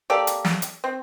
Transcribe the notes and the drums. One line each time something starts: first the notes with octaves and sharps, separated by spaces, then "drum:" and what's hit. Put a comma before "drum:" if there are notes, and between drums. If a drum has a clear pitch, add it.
A#3 G4 A4 D5
drum: hi-hat
drum: snare
drum: hi-hat
C4